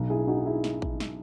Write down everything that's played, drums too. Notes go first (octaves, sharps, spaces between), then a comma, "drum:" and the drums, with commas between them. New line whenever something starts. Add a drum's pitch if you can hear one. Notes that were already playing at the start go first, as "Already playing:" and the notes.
Already playing: B1 B2
E4 G#4
D#4 F#4
E4 G#4
drum: snare
drum: kick A1
drum: snare